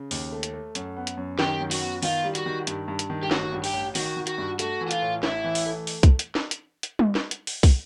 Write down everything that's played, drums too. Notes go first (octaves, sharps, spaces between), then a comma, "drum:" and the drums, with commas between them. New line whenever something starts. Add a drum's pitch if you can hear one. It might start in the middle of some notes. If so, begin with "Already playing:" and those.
Already playing: C#3
D#2, drum: open hi-hat
A3
drum: hi-hat
A3
F#2, drum: hi-hat
B3
drum: hi-hat
F#2
D#3 G4, drum: snare
F#2
F#4, drum: open hi-hat
B3
D#3 F4, drum: open hi-hat
G3
F#4, drum: hi-hat
D#3
G2, drum: hi-hat
G2
drum: hi-hat
D#3
G4
A1 F#4, drum: snare
G2
G4, drum: open hi-hat
A1
D#3 F#4, drum: open hi-hat
D#3
F#4, drum: hi-hat
G2
A3 F#4, drum: hi-hat
E3
F#4
F4, drum: hi-hat
A2
A1 E4, drum: snare
E3
drum: open hi-hat
A3
drum: open hi-hat
drum: kick, hi-hat
drum: hi-hat
drum: snare
drum: hi-hat
drum: hi-hat
drum: tom G3
drum: snare
drum: hi-hat
drum: open hi-hat
drum: kick, open hi-hat